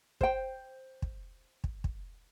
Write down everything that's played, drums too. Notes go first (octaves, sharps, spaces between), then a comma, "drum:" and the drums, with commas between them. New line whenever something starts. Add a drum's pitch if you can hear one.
C5 G5, drum: kick
drum: kick
drum: kick
drum: kick